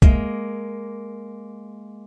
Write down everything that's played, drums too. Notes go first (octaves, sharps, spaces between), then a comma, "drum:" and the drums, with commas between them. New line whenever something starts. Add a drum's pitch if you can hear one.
G#3 A#3, drum: kick